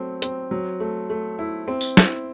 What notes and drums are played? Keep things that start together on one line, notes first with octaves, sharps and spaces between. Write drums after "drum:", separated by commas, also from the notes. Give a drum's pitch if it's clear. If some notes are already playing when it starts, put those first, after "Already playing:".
Already playing: F#3 A3 C4
C4, drum: hi-hat
F#3
A3
A3
E4
C4
drum: tambourine
E4, drum: snare